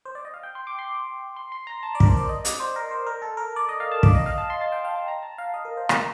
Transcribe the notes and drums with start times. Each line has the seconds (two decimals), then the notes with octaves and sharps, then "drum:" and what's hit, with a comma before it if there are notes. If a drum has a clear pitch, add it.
0.05 C5
0.15 D5
0.25 D#5
0.34 F5
0.43 G5
0.55 C6
0.67 D6
0.79 C6
1.36 C6
1.52 C6
1.67 A#5
1.83 A5
1.95 D5
2.00 A#4, drum: kick
2.06 C5
2.17 D5
2.29 D#5
2.45 D5, drum: hi-hat
2.60 C5
2.76 A#4
2.91 C5
3.07 A#4
3.22 A4
3.37 A#4
3.56 D5
3.69 D#5
3.80 F5
3.92 A5
4.03 D5, drum: kick
4.15 D#5
4.26 F5
4.38 A5
4.50 C6
4.61 A5
4.72 G5
4.85 F5
4.95 A5
5.08 A#5
5.23 A5
5.38 F5
5.54 D#5
5.65 A#4
5.77 C5
5.89 A#4, drum: rim click